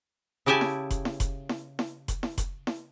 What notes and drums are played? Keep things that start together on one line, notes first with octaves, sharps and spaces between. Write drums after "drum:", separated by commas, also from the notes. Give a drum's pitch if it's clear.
C#3 E4 G4 E5 G#5 A5
drum: snare E4
drum: kick F1, hi-hat
drum: snare E4
drum: kick F1, hi-hat
drum: snare E4
drum: snare E4
drum: kick F1, hi-hat
drum: snare E4
drum: kick F1, hi-hat
drum: snare E4